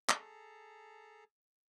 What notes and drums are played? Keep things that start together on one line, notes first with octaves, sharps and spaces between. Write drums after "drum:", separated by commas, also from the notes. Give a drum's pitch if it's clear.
G#4 A4 A5 A#5, drum: clap